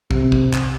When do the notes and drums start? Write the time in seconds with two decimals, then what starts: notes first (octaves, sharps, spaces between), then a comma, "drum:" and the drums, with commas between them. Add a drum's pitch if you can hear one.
0.11 C3, drum: kick
0.32 drum: kick
0.54 drum: clap